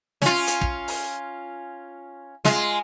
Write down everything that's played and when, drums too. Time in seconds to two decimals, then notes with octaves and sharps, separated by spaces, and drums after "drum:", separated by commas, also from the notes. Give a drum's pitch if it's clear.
0.22 C#4 F4, drum: snare
0.47 drum: hi-hat
0.61 drum: kick
0.88 drum: open hi-hat
2.45 G#3 F4, drum: snare